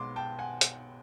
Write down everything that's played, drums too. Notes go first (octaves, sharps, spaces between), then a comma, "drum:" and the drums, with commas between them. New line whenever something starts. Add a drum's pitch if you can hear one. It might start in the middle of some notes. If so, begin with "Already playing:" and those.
Already playing: B1 B2 G#3 B3 C6 D6
G5 A5
F#5 G#5
drum: hi-hat